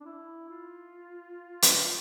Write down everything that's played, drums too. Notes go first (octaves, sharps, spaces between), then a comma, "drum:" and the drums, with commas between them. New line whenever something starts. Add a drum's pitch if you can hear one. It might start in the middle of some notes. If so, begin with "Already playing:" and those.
D4
E4
F4
drum: hi-hat